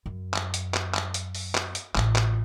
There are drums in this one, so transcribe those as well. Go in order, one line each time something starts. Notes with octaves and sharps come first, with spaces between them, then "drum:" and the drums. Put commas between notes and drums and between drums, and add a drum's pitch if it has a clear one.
F#2
drum: clap
drum: hi-hat
drum: clap
drum: clap
drum: hi-hat
drum: open hi-hat
drum: clap
drum: hi-hat
A1 F4, drum: clap
drum: clap